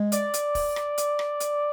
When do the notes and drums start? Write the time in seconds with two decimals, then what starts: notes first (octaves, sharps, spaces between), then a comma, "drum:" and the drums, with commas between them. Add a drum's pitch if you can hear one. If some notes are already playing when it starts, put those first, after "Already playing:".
Already playing: G#3
0.12 D5, drum: hi-hat
0.34 drum: hi-hat
0.55 drum: kick, open hi-hat
0.76 drum: rim click
0.98 drum: hi-hat
1.19 drum: rim click
1.40 drum: hi-hat